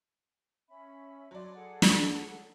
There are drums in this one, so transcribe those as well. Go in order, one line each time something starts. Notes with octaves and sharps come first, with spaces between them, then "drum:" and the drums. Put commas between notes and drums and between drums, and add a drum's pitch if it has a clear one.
C#4 E5 B5
F#3 C#5 D5 A5 C6
G#4 A4 F#5
drum: snare